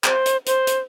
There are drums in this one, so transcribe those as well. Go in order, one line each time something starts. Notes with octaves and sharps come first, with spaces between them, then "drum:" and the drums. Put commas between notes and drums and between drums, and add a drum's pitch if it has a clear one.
C5, drum: clap
drum: hi-hat
C5, drum: hi-hat
drum: hi-hat